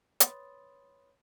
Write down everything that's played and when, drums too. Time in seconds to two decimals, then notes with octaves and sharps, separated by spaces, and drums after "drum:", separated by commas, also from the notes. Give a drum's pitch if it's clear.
0.20 B4 C#5 B5 C6 D#6 A6, drum: hi-hat